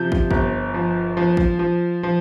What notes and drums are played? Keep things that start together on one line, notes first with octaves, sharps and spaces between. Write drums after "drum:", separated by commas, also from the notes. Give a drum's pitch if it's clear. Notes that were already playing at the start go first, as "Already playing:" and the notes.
Already playing: C3 F3 G6
drum: kick
G1, drum: kick
F3
F3
drum: kick
F3
F3